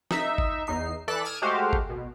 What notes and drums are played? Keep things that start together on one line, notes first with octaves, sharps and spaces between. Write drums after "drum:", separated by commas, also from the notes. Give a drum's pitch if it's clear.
D#4 E5, drum: snare
drum: kick G1
E2 D#4 C7
E3 A4 D5 F#6 A6 B6
D#6 F6 G#6 D7 E7
G#3 A3 F#4 G4 C5 F5
drum: kick G1
B2